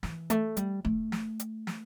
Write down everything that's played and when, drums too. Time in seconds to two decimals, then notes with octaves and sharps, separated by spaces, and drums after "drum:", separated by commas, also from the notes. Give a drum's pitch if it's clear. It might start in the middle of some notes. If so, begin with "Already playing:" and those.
0.03 E3, drum: snare
0.30 A3, drum: hi-hat
0.57 G3, drum: hi-hat
0.85 A3, drum: kick E1
1.12 drum: snare
1.40 drum: hi-hat
1.67 drum: snare